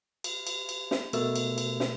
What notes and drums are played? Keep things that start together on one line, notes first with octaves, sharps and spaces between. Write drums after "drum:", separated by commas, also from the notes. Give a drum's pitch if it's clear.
drum: cymbal
drum: cymbal
drum: cymbal
drum: snare
B2 A3 A#4 E6, drum: cymbal
drum: cymbal
drum: cymbal
drum: snare